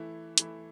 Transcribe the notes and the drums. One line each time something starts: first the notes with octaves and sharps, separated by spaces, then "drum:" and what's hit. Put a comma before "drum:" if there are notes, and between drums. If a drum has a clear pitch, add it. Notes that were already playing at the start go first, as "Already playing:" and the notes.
Already playing: E3 A3 E4
E3 A3 E4, drum: hi-hat